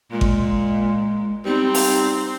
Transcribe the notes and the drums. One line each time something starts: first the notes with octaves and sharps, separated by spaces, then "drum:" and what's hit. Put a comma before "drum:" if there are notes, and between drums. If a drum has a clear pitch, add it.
A#2 G#3
drum: kick G#1
G3 C4 D#4
drum: open hi-hat